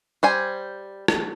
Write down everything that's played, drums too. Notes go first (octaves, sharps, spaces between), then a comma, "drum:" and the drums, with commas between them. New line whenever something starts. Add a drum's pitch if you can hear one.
G3 C5 G#5
drum: rim click